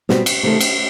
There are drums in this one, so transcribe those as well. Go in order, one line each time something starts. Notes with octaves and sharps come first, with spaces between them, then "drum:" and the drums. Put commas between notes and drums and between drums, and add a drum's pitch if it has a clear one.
B2 G3 C4, drum: snare
drum: cymbal
C3 D#3 A3 C4
drum: cymbal